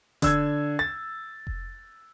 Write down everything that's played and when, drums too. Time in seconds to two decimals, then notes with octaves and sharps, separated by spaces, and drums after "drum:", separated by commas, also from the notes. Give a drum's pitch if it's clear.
0.22 D3 E6 G#6, drum: kick F1, hi-hat
0.79 A6
1.47 drum: kick F1